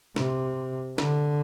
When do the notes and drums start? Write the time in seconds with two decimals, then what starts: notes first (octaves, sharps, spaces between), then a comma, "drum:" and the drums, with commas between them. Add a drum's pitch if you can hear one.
0.16 C3, drum: snare
0.98 D3, drum: snare